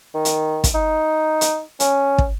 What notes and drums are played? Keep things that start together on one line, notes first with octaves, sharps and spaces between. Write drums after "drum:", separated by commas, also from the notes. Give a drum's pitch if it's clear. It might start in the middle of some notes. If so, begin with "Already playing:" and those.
D#3
drum: hi-hat
drum: kick, hi-hat
D#4
drum: hi-hat
C#4, drum: hi-hat
drum: kick